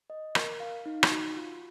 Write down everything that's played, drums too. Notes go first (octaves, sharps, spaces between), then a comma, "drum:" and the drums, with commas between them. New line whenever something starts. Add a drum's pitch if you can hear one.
D#5
A#4, drum: rim click
F5
D#4
drum: rim click
F#4
F4